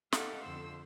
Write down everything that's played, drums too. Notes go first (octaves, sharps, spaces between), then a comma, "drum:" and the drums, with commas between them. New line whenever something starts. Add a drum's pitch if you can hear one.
D#4 G4 A4 F5 F#5 D6, drum: snare
F2 D3 C5 E6